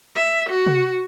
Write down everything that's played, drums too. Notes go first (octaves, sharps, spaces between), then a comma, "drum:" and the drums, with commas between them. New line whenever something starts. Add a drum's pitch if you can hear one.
E5
F#4
drum: tom C3